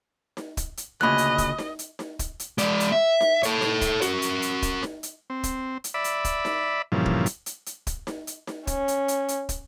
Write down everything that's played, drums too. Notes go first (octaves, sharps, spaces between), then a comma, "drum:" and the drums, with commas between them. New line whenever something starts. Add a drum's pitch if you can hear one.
drum: snare D#4
drum: kick, hi-hat
drum: hi-hat
D2 A#2 C#3 D#5 B5 F#6
drum: hi-hat
drum: kick, hi-hat
drum: snare D#4
drum: hi-hat
drum: snare D#4
drum: kick, hi-hat
drum: hi-hat
G#3 D5, drum: hi-hat
drum: hi-hat
E5
drum: snare D#4
A4 C#5, drum: hi-hat
drum: snare D#4
drum: kick, hi-hat
F#4 A#4, drum: hi-hat
drum: hi-hat
drum: hi-hat
drum: kick, hi-hat
drum: snare D#4
drum: hi-hat
C4
drum: kick, hi-hat
drum: hi-hat
D5 E5 B5
drum: hi-hat
drum: kick, hi-hat
drum: snare D#4
G2 A#2 C#3 E3 F3
drum: kick
drum: hi-hat
drum: hi-hat
drum: hi-hat
drum: kick, hi-hat
drum: snare D#4
drum: hi-hat
drum: snare D#4
C#4, drum: kick, hi-hat
drum: hi-hat
drum: hi-hat
drum: hi-hat
drum: kick, hi-hat